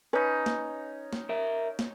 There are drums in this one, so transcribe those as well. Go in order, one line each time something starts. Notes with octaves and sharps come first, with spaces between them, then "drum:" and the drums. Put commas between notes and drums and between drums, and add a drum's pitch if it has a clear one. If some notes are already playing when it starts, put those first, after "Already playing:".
C#4 D#4 B4
drum: snare
drum: snare
A#4 E5
drum: snare